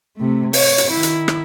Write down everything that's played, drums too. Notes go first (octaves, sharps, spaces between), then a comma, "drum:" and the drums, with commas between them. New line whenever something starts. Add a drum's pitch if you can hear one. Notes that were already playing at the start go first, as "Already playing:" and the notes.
C3 A3
C#5, drum: open hi-hat
drum: hi-hat
D#3 E4
drum: hi-hat
drum: rim click